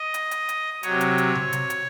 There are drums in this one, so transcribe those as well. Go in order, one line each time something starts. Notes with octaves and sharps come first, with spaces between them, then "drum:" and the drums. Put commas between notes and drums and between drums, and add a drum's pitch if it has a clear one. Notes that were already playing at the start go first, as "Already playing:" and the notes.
Already playing: D#5
drum: hi-hat
drum: hi-hat
drum: hi-hat
C3 F#3 C#5, drum: hi-hat
drum: hi-hat
drum: hi-hat
drum: tom C3
drum: hi-hat
drum: hi-hat